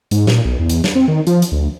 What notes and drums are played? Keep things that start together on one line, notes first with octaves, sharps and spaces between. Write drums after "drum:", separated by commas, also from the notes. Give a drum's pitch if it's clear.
G#2, drum: hi-hat
A#2, drum: snare
B1
E2
drum: hi-hat
drum: snare
C4
D#3
F3, drum: hi-hat
drum: hi-hat
D2